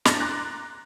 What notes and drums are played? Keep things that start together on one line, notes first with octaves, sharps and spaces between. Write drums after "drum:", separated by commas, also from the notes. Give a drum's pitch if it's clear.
A2 D4 A6 A#6, drum: snare
A#5 C6 D6 F#6